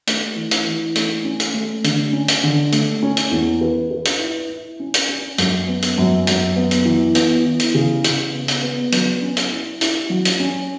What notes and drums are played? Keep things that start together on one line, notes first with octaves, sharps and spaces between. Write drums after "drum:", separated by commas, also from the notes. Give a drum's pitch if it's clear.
A3, drum: hi-hat
E3
drum: hi-hat
E3
A3, drum: hi-hat
C#4
drum: hi-hat
A3
D3, drum: hi-hat
C#4
drum: hi-hat
D3
A3, drum: hi-hat
C#4
drum: hi-hat
E2
B4
B4
drum: hi-hat
E4
E4
C#4
drum: hi-hat
C#4
F#2, drum: hi-hat
B3
drum: hi-hat
F#2
F#2, drum: hi-hat
B3
drum: hi-hat
E3
B3, drum: hi-hat
E3
drum: hi-hat
C#3
C#3, drum: hi-hat
B3
drum: hi-hat
B3
F#3, drum: hi-hat
C#4
drum: hi-hat
E4
E4, drum: hi-hat
F#3
drum: hi-hat
C#4